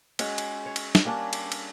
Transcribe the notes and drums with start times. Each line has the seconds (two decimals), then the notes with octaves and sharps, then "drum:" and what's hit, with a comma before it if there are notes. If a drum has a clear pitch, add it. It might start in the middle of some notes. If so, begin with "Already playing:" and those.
0.19 G#3 C#4 F#4, drum: cymbal
0.38 drum: cymbal
0.66 C#5
0.76 drum: cymbal
0.95 drum: snare
1.05 G3 A#3 C#4 D4
1.33 drum: cymbal
1.52 drum: cymbal